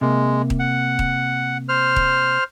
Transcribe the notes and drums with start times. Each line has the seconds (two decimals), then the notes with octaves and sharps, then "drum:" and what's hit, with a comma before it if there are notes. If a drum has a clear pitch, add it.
0.01 C3 G#3 A#3
0.50 drum: kick D#1
0.59 F#5
0.99 drum: kick D#1
1.69 C5 F6
1.96 drum: kick D#1